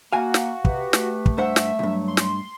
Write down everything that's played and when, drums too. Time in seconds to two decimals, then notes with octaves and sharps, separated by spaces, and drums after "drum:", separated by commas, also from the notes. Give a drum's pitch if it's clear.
0.13 A#3 F#4 F5 G#5
0.34 drum: snare
0.65 C3 G4 B4, drum: kick
0.93 A3, drum: snare
1.26 drum: kick
1.38 G2 C5 E5 F#5
1.56 drum: snare
1.79 C2 G2 F#3
2.08 C6
2.17 drum: snare